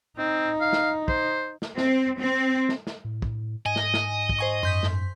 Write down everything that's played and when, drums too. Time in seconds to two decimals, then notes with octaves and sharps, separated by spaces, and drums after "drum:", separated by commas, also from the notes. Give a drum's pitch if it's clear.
0.18 C4 D#4
0.61 F5
0.73 drum: snare
1.08 C5, drum: kick
1.62 drum: snare
1.78 C4, drum: snare
2.20 C4
2.69 drum: snare
2.87 drum: snare
3.05 A2
3.22 drum: kick
3.66 G#2 D#5 G#5
3.76 drum: snare
3.94 drum: snare
4.29 drum: kick
4.39 C5 G#5 C#6
4.63 F#2 C6 G6 B6
4.83 drum: snare